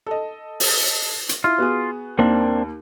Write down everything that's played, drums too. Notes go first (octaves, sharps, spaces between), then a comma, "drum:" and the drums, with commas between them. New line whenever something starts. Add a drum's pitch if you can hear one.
A4 D#5
drum: open hi-hat
drum: hi-hat
E4 F4
B3 F#4 G#4
D#2 A#3 C4 D4